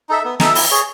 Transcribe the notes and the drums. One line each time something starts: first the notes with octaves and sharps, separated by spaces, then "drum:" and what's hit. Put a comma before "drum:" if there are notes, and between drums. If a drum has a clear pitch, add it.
D#4 A4 E5
B3
D#4 A4 E5, drum: snare
E4, drum: open hi-hat
G#4 C#5